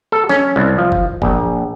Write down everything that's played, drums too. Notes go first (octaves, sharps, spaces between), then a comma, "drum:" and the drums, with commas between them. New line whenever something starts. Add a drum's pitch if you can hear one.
A4
C#4, drum: snare
C2
F3
drum: kick
A#1, drum: kick